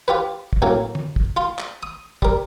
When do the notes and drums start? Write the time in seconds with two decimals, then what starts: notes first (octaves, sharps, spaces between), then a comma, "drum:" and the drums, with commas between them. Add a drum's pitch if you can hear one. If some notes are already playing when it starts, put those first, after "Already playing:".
0.08 F4 G4 B4
0.53 drum: kick
0.62 A2 C#3 F#3 A#3
0.95 drum: tom
1.16 drum: kick
1.37 F4 C6
1.59 drum: clap
1.83 D#6
2.22 G3 A#4, drum: kick